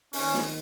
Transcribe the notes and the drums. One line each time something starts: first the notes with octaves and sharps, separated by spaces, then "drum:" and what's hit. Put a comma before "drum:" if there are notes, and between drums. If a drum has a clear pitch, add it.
D#2 D#3 C#4, drum: open hi-hat
drum: snare